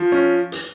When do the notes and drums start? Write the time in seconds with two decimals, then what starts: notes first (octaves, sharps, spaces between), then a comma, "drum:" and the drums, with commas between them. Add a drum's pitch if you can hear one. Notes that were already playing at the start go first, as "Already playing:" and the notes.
Already playing: F3
0.12 C#4
0.52 drum: hi-hat